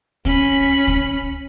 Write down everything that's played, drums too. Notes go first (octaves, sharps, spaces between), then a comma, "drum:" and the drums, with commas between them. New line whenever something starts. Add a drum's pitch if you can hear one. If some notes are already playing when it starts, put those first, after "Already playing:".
C#4 B5, drum: kick
drum: kick